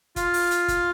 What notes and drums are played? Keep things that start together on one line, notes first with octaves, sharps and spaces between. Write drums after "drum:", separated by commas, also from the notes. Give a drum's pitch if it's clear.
F4, drum: kick, hi-hat
drum: open hi-hat
drum: hi-hat
drum: kick, hi-hat